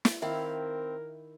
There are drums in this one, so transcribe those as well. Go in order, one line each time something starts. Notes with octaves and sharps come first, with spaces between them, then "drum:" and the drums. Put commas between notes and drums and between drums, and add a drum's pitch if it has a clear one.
drum: snare
D#3 C4 E4 A#4 E5 F5 G5